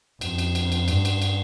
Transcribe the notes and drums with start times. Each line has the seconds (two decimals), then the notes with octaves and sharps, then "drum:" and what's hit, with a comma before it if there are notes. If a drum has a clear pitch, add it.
0.21 F2, drum: cymbal
0.38 drum: cymbal
0.55 drum: cymbal
0.72 drum: cymbal
0.88 G2, drum: cymbal
1.05 drum: cymbal
1.22 drum: cymbal